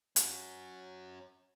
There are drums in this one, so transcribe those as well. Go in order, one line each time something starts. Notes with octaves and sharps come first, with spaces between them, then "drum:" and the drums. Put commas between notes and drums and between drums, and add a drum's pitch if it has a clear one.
C#4 F#4, drum: hi-hat